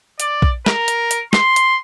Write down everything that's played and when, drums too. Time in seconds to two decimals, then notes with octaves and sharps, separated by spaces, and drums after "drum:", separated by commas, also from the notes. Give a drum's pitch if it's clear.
0.20 D5, drum: hi-hat
0.42 drum: kick
0.66 A#4, drum: snare
0.88 drum: hi-hat
1.11 drum: hi-hat
1.33 C6, drum: snare
1.56 drum: hi-hat